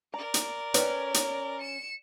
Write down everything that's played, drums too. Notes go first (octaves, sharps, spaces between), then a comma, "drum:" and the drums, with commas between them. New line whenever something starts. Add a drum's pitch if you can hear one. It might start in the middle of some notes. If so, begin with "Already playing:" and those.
A#4 D5 A#5
drum: hi-hat
C#4 B4 G5, drum: hi-hat
drum: hi-hat
C#7 E7